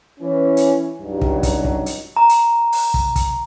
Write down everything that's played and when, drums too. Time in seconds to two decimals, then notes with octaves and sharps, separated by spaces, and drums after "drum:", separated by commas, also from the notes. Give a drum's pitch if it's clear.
0.20 E3 C#4
0.57 drum: hi-hat
1.00 C#2 G2 F#3 G3 D#4
1.21 drum: kick
1.43 drum: kick, hi-hat
1.65 drum: kick
1.86 drum: hi-hat
2.17 A#5
2.29 drum: hi-hat
2.72 drum: open hi-hat
2.94 drum: kick
3.16 drum: kick, hi-hat